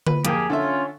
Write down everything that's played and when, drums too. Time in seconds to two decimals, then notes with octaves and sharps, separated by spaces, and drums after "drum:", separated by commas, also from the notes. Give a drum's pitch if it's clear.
0.07 B4, drum: tom D3
0.25 F2 A#3 G4 G#4 G5, drum: hi-hat
0.50 D3 C#4 F4 A4 E5